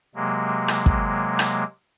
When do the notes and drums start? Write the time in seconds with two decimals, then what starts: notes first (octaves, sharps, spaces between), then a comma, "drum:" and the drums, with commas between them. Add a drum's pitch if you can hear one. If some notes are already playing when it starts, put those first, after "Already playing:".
0.15 C3 F#3 G#3 A#3
0.68 drum: rim click
0.86 drum: kick
1.39 drum: rim click